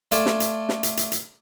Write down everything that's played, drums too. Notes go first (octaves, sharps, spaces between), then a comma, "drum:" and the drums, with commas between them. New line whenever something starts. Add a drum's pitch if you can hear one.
A3 F4 A4 D5 G#5 A5, drum: hi-hat
drum: snare
drum: hi-hat
drum: snare
drum: hi-hat
drum: hi-hat
drum: hi-hat